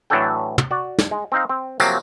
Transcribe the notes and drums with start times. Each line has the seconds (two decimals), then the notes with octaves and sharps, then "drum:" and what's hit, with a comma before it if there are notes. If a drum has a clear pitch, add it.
0.10 A2 E3 F#3 D4 A4 G5
0.58 drum: tom
0.71 F#4 D5
0.99 drum: snare
1.11 G#3
1.32 C4 D#4 F5
1.49 C4
1.80 C3 F3 F#3 A#3 C4, drum: tambourine